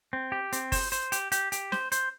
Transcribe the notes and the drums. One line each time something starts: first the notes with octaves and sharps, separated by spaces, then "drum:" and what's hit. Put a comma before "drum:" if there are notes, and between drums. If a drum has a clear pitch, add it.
C4
G4
C4, drum: hi-hat
C5, drum: kick F#1, open hi-hat
C5, drum: hi-hat
G4, drum: hi-hat
G4, drum: hi-hat
G4, drum: hi-hat
C5, drum: snare
C5, drum: hi-hat